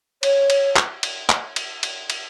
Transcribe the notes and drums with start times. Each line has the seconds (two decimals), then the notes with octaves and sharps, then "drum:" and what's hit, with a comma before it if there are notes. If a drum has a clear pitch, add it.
0.23 C#5, drum: cymbal
0.50 drum: cymbal
0.76 drum: clap
1.03 drum: cymbal
1.30 drum: clap
1.56 drum: cymbal
1.83 drum: cymbal
2.10 drum: cymbal